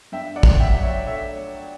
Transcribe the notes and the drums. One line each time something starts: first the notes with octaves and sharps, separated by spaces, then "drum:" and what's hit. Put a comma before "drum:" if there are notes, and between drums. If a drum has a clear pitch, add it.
G2 E5 G5
D5 F#5
F#3, drum: kick
E5 G5
F#3
C#5 E5
A3 C#5 E5
A3